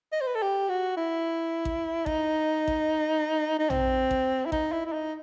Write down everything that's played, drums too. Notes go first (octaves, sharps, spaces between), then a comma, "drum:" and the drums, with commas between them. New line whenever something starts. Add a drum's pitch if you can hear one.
D#5
C5
B4
A4
G4
F#4
E4
drum: kick A1
D#4, drum: kick A1
drum: kick A1
D#4
C4, drum: tom
drum: kick A1
E4
D#4, drum: kick A1
E4
E4
D#4